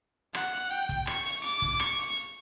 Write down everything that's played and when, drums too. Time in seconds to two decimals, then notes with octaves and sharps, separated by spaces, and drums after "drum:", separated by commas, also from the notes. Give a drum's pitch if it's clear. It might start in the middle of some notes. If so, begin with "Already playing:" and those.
0.35 F#5, drum: rim click
0.53 drum: open hi-hat
0.71 G5, drum: hi-hat
0.89 drum: kick, hi-hat
1.07 C#6, drum: rim click
1.26 drum: open hi-hat
1.44 D6, drum: hi-hat
1.62 drum: kick, hi-hat
1.80 C#6, drum: rim click
1.98 drum: open hi-hat
2.17 drum: hi-hat